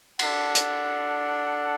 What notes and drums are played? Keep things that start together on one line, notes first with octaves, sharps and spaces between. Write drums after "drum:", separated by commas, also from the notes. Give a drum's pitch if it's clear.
D4 A4 F#5, drum: cymbal
drum: hi-hat